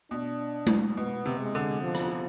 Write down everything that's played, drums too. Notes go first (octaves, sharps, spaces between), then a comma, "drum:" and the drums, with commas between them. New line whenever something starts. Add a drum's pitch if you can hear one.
B2 D4
drum: tom G#3
B2 B3
C3
G#3
D3
F3
drum: rim click